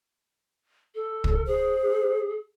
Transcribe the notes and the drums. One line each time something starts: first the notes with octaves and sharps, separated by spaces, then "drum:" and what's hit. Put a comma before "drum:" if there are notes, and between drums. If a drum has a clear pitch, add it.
A4
drum: kick
G#4 C5